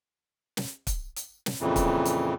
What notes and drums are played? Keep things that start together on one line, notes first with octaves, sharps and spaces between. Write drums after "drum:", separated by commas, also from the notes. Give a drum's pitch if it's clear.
drum: snare
drum: kick, hi-hat
drum: hi-hat
drum: snare
F2 A#2 C#3 E3
drum: kick, hi-hat
drum: hi-hat